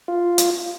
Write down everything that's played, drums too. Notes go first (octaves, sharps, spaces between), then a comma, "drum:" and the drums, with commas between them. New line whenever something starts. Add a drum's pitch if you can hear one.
F4
drum: hi-hat